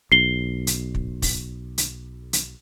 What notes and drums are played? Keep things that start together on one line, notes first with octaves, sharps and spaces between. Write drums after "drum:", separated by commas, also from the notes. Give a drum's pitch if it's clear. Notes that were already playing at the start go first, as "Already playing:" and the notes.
B1 C7 G7
drum: hi-hat
drum: kick
drum: kick, open hi-hat
drum: hi-hat
drum: hi-hat